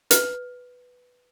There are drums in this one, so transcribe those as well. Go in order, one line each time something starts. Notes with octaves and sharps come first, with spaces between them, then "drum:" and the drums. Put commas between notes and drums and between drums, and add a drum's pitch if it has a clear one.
B4, drum: hi-hat